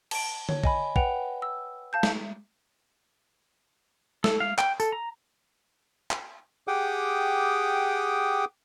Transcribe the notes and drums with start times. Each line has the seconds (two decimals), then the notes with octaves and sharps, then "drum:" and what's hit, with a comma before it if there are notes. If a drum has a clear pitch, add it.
0.11 A5 D7, drum: cymbal
0.49 C#5, drum: tom D3
0.64 D#5 G#5 B5, drum: kick
0.96 B4 F#5 G5 F7, drum: kick
1.42 E6
1.93 F5 A5 G6
2.03 drum: snare
4.24 A4, drum: snare
4.40 F5
4.58 G5, drum: clap
4.80 A4, drum: tambourine
4.92 A#5
6.11 drum: clap
6.68 G4 G#4 F#5 G5 D6 D#6